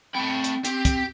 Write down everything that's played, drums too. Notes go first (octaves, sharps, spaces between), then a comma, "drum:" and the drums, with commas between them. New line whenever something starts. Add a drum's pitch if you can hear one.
A3 C4 G5 B5
drum: hi-hat
C4 G4, drum: hi-hat
drum: kick, hi-hat